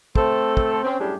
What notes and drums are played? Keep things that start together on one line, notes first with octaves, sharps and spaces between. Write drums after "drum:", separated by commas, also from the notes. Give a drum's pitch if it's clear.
A3 C4 A4, drum: kick
drum: kick
C4 C#4
F#2 A2 G3 D4 G4 G#4